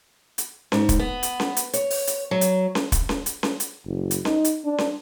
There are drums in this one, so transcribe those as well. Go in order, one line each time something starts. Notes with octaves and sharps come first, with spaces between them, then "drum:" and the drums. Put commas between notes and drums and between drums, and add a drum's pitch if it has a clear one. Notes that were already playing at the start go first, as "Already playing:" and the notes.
drum: hi-hat
G#2, drum: snare C#4
drum: kick, hi-hat
B3
drum: hi-hat
drum: snare C#4
drum: hi-hat
C#5, drum: hi-hat
drum: open hi-hat
drum: hi-hat
F#3
drum: hi-hat
drum: snare C#4
drum: kick, hi-hat
drum: snare C#4
drum: hi-hat
drum: snare C#4
drum: hi-hat
F#1
drum: hi-hat
D#4, drum: snare C#4
drum: hi-hat
D4
drum: snare C#4